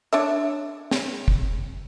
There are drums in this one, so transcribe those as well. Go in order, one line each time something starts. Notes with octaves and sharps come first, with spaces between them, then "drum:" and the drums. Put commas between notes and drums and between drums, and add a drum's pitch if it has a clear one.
D4 C#5 E5, drum: hi-hat
drum: snare
drum: kick